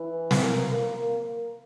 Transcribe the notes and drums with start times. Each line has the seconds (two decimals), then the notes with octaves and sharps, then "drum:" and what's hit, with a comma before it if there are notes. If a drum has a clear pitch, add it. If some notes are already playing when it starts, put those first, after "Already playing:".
Already playing: E3
0.31 drum: snare
0.43 A#3
0.72 A#3